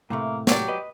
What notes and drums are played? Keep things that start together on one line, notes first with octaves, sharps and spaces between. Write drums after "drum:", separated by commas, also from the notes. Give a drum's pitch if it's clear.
A2 C3 A3 A#3
F#3 G4 D5, drum: snare
B4 D#5